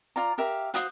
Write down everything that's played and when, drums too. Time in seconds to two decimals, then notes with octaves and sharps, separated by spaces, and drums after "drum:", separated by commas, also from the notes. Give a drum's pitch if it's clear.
0.16 F4 D5 A#5
0.38 G4 A#4 E5 F5
0.74 F#4 C5 F5 D#6, drum: hi-hat